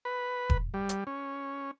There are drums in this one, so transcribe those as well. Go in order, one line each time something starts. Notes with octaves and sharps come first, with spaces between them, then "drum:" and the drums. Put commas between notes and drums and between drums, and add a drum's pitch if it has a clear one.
B4
drum: kick E1
G3
drum: hi-hat
C#4